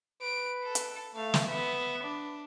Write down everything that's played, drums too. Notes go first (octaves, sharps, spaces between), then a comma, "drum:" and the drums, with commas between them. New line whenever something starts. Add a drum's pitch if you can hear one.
B4 D7
A4
drum: hi-hat
A3 F5
drum: snare
B3 B4 E5
D4